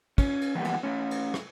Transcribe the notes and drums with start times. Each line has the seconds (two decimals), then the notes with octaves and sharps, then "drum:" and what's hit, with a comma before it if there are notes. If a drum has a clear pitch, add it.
0.18 C#4, drum: kick, cymbal
0.41 drum: cymbal
0.55 E3 F3 G3 G#3 A#3 B3
0.64 drum: cymbal
0.83 A3 C#4
1.11 drum: cymbal
1.34 drum: rim click